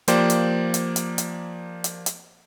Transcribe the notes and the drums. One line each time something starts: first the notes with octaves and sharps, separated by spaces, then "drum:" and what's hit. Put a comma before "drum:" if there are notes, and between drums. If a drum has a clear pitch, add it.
F3 A#3 G4 C5 D5, drum: hi-hat
drum: hi-hat
drum: hi-hat
drum: hi-hat
drum: hi-hat
drum: hi-hat
drum: hi-hat